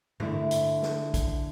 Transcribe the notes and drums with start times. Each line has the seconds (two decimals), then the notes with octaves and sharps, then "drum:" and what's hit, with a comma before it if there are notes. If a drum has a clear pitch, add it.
0.20 D3 A3 E4, drum: tom G2
0.51 drum: hi-hat
0.82 drum: snare
1.14 drum: kick, hi-hat